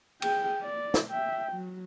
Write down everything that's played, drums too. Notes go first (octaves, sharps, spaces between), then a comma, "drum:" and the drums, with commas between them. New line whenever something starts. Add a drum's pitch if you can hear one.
G#4 G5, drum: cymbal
D5
drum: snare
E5 G5
F#3